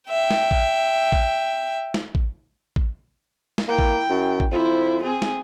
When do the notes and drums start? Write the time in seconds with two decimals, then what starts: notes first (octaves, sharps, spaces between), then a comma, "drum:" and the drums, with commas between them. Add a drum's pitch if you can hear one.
0.10 E5 G5
0.31 drum: snare
0.51 drum: kick A1
1.12 drum: kick A1
1.94 drum: snare
2.15 drum: kick A1
2.76 drum: kick A1
3.58 drum: snare
3.68 A#3 E4 G5
3.79 drum: kick A1
4.10 F#2
4.40 drum: kick A1
4.52 F2 E4 C5
5.02 C4 G#4
5.22 drum: snare